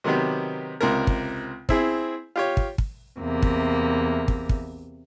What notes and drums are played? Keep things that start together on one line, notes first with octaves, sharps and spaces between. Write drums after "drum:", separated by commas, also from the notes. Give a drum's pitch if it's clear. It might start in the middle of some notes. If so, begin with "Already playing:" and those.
C3 D#3 F#3 B3 G4
C#2 C3 A#4
drum: kick
C4 E4 G#4, drum: kick
F4 G4 C#5
drum: kick
drum: kick
E2 C3 A#3
drum: kick
drum: kick
drum: kick